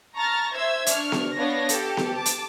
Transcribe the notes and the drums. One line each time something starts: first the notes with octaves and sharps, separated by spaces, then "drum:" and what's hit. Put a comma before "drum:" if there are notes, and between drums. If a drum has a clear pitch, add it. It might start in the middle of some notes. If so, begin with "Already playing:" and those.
A5 A#5 C#6 F6 A6 A#6
C5 E5 E6 G#6
D4 C#6 F6, drum: hi-hat
drum: snare B3
B3 D4 C#5 F5 A#6
G4 A4, drum: hi-hat
drum: snare B3
A5 D6
drum: hi-hat